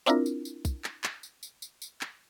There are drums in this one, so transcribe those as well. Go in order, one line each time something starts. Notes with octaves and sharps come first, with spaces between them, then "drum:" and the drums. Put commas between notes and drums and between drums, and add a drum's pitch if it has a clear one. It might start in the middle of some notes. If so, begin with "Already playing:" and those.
C4 D4 E4 F4 A#4, drum: tambourine
drum: tambourine
drum: tambourine
drum: kick B1, tambourine
drum: clap
drum: clap
drum: tambourine
drum: tambourine
drum: tambourine
drum: tambourine
drum: clap